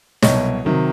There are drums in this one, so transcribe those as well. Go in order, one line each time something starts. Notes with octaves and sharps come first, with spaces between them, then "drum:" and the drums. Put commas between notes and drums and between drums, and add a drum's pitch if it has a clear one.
C2 B2 F#3 C#5 D#5, drum: snare
C3 D#3 F#3